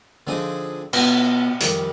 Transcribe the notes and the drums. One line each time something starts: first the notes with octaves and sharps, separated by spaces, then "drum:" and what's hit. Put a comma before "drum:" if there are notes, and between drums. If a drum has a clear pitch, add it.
D3 F3 C4 D#4 G#4
B2 B3 F4, drum: cymbal
F2 D#3 G3, drum: hi-hat